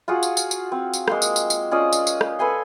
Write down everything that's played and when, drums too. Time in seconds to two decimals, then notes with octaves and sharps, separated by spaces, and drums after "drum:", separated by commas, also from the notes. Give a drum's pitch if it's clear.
0.08 F4 F#4 G#4 F#5
0.23 drum: tambourine
0.37 drum: tambourine
0.51 drum: tambourine
0.72 C4
0.93 drum: tambourine
1.08 G#3 A#3 C6, drum: rim click
1.22 drum: tambourine
1.36 drum: tambourine
1.50 drum: tambourine
1.71 C#4 F4 D5 D#5
1.93 drum: tambourine
2.07 drum: tambourine
2.21 drum: rim click
2.39 A4 B4 G#5 C6